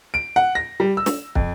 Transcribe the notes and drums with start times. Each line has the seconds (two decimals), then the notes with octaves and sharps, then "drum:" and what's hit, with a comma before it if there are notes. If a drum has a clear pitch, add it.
0.14 D7
0.36 F#5
0.55 A#6
0.80 G3
0.97 E6
1.06 drum: snare
1.35 F2, drum: kick